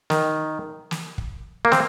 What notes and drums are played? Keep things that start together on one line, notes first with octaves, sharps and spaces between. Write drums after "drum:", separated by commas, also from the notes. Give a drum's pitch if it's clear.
D#3, drum: snare
drum: snare
drum: kick
A#3
C4, drum: snare